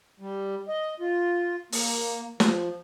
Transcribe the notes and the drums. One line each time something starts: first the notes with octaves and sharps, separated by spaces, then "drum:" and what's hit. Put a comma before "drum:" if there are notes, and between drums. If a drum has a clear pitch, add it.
G3
D#5
F4
A#3, drum: open hi-hat
F3, drum: snare